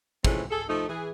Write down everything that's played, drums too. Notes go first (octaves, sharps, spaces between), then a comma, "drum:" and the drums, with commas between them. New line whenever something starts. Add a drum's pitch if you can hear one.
E3 F3 G#3 A3 C4 C#4, drum: kick
G#4 A4
F3 A3 D#4
E3 G#4